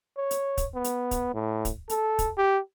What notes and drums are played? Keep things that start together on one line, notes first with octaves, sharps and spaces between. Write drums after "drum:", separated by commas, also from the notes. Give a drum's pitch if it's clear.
C#5
drum: hi-hat
drum: kick, hi-hat
B3
drum: hi-hat
drum: kick, hi-hat
A2
drum: kick, hi-hat
A4, drum: hi-hat
drum: kick, hi-hat
G4